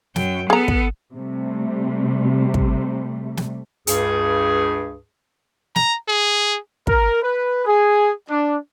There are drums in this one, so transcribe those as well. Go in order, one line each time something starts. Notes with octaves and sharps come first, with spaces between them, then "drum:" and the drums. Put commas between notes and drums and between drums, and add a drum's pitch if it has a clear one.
F#2 G5, drum: snare
B3 G#4 A4 A#5
drum: kick
C3 G3 A3
drum: kick
drum: snare
C#2 G2 G#4, drum: hi-hat
A#5, drum: snare
G#4
A#4, drum: kick
B4
G#4
D4